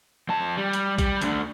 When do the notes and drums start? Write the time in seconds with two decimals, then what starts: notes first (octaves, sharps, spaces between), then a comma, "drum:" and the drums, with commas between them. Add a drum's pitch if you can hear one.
0.29 F2 A5
0.57 G3
0.73 drum: hi-hat
0.98 G3, drum: kick A#1, hi-hat
1.21 D2 D3, drum: hi-hat